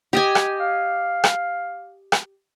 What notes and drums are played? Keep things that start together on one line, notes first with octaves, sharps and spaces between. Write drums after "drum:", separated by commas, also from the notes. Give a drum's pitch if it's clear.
G4 D#5 G#5
drum: rim click
F5
drum: rim click
drum: rim click